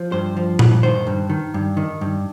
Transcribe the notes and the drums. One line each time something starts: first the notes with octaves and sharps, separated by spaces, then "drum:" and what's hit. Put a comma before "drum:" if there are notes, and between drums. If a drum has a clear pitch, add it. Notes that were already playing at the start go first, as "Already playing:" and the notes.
Already playing: F3
G2 C5
F3
G2, drum: tom A#2
D#3 C5
G2
D#3
G2
D#3
G2